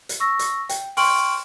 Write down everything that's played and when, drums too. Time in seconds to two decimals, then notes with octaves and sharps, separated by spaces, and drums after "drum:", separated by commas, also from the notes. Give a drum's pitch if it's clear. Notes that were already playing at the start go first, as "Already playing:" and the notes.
0.09 drum: hi-hat
0.20 C#6 E6 A#6
0.39 drum: hi-hat
0.69 G5, drum: hi-hat
0.97 G5 C6 C#6 F6 D7 F#7, drum: open hi-hat